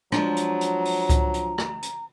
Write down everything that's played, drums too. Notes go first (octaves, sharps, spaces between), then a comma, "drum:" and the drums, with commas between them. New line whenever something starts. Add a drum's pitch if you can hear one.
F3 F#3 G#3 D4 A#5, drum: rim click
drum: hi-hat
drum: hi-hat
drum: open hi-hat
drum: kick C#2, hi-hat
drum: hi-hat
drum: rim click
drum: hi-hat